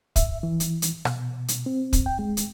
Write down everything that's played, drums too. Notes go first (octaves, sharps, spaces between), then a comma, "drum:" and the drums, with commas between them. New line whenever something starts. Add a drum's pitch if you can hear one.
E5, drum: kick, hi-hat
E3
drum: hi-hat
drum: hi-hat
B2, drum: rim click
drum: hi-hat
C4
drum: kick, hi-hat
G5
G#3
drum: hi-hat